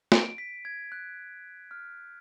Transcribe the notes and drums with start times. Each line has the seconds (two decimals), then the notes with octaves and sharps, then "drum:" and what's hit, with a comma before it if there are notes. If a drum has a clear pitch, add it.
0.12 D7, drum: snare
0.38 B6
0.65 G#6
0.92 F#6
1.71 F6